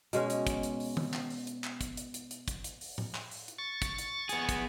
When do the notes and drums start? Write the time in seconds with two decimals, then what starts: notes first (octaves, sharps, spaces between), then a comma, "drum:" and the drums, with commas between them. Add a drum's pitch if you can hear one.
0.13 B2 G#3 C#4, drum: hi-hat
0.30 drum: hi-hat
0.47 drum: kick, hi-hat
0.63 drum: hi-hat
0.80 drum: open hi-hat
0.97 drum: tom D#3
1.14 drum: clap
1.30 drum: open hi-hat
1.47 drum: hi-hat
1.64 drum: clap
1.81 drum: kick, hi-hat
1.97 drum: hi-hat
2.14 drum: hi-hat
2.31 drum: hi-hat
2.48 drum: kick, hi-hat
2.64 drum: hi-hat
2.81 drum: open hi-hat
2.98 drum: tom A2
3.15 drum: clap
3.31 drum: open hi-hat
3.48 drum: hi-hat
3.59 C#6 A6
3.82 drum: kick, hi-hat
3.98 drum: hi-hat
4.29 B3 G#4, drum: hi-hat
4.49 drum: kick, hi-hat